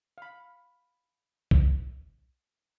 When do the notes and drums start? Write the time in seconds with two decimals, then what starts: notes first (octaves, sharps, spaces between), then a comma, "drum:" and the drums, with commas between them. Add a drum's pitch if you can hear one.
0.18 F5 B5
1.51 drum: kick B1